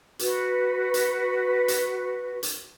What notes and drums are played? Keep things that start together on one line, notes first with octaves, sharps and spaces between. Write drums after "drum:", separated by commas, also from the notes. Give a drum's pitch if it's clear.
F#4 B4, drum: hi-hat
drum: hi-hat
drum: hi-hat
drum: hi-hat